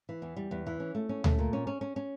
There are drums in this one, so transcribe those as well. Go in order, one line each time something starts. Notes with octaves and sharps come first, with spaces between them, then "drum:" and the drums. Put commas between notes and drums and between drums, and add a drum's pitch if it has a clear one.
E3
E2
G3
E2
E3
C#4
A3
C#4
A3, drum: tom D2
A#2
C#4
C#4
C#4
C#4